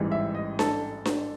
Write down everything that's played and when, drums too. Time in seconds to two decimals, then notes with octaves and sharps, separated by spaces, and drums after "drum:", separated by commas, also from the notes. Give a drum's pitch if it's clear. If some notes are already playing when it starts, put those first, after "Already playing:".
Already playing: A1 G#2 E3 G3
0.12 E5
0.35 D#5
0.59 A4, drum: snare D4
1.05 drum: snare D4